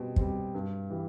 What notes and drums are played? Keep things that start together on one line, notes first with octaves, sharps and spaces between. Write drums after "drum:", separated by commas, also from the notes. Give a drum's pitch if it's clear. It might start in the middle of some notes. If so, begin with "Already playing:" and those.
Already playing: B2 G3 C4
G3 C4, drum: kick
G2
E3 G3